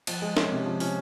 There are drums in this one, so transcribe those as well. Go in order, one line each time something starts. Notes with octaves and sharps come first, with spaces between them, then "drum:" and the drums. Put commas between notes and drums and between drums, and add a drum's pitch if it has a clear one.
F3, drum: cymbal
G#3
C#4, drum: snare
C3
F3
C#4, drum: open hi-hat